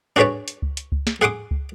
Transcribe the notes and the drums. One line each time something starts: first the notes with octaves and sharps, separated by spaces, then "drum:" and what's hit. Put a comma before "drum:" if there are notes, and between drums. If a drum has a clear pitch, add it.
D4 F#4 G#4 B4 C#5 D5
drum: hi-hat
drum: kick C#2
drum: hi-hat
drum: kick C#2
drum: snare
G#4 F#5 C6 D6 D#6
drum: kick C#2